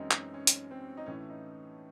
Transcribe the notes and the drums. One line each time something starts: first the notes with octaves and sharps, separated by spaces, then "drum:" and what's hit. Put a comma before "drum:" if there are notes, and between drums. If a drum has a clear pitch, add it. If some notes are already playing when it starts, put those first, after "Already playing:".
Already playing: F#2 E3 G#3 C4 C#4 D#4
D#4, drum: clap
C#4
drum: hi-hat
C4
D#4
A2 E3 A3 C#4
D#4